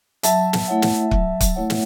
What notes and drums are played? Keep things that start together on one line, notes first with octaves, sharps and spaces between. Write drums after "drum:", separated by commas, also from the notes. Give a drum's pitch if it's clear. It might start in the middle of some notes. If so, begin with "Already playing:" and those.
F#3 E5 A5, drum: hi-hat
drum: snare
A3 E4 C#5 F#5
drum: snare
F#3, drum: kick
drum: kick, hi-hat
A3 E4 C#5 F#5
drum: snare